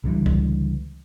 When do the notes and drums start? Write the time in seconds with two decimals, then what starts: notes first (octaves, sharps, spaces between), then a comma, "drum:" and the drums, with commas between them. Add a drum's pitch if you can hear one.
0.04 C#2 D3 E3 G3
0.26 drum: kick